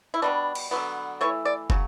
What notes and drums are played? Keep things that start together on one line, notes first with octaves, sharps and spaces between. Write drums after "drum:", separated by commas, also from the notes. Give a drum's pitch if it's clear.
E4
B2 G3 B3 D4
drum: cymbal
D3 F#3 B3
E3 A3 C#5
D5
C#3 F#3, drum: kick